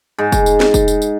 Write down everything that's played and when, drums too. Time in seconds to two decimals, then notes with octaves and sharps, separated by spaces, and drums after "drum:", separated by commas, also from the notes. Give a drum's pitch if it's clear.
0.18 G#2
0.32 drum: kick, tambourine
0.46 drum: tambourine
0.60 drum: snare
0.74 drum: kick, tambourine
0.88 drum: tambourine
1.02 drum: tambourine